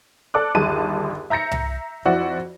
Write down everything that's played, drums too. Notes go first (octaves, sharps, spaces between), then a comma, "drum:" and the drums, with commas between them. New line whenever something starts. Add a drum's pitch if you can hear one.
A4 D5 D6 F#6
G1 D#2 G#4 A5 D#7
E5 A#5 G6 A#6 C#7
drum: tom C2
F2 E4 F#4 C5 D5